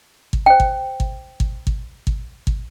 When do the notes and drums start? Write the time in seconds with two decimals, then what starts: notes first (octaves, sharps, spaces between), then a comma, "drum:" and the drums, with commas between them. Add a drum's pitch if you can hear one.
0.33 drum: kick
0.46 C5 G5
0.60 drum: kick
1.00 drum: kick
1.40 drum: kick
1.67 drum: kick
2.07 drum: kick
2.47 drum: kick